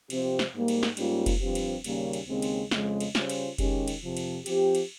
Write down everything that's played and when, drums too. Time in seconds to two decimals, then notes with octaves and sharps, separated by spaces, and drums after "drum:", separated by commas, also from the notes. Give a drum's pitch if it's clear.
0.10 C3 F3 C4 G4 C5, drum: cymbal
0.39 drum: snare
0.54 G#2 G3 A#3
0.68 drum: cymbal
0.83 drum: snare
0.97 G#2 G3 A#3 C#4 F4, drum: cymbal
1.26 drum: kick F1, cymbal
1.41 G2 F3 C4 G4 C5
1.55 drum: cymbal
1.84 D#2 C#3 G3 A#3 C#4, drum: cymbal
2.13 drum: cymbal
2.27 D#2 C#3 G#3 C4
2.42 drum: cymbal
2.71 F2 C#3 G#3, drum: snare
3.00 drum: cymbal
3.15 C#3 G3 C#4 F4 C5, drum: snare
3.29 drum: cymbal
3.58 D#3 G#3 C#4 G4, drum: kick F1, cymbal
3.88 drum: cymbal
4.02 F2 C3 F3
4.17 drum: cymbal
4.46 F3 C4 G4, drum: cymbal
4.75 drum: cymbal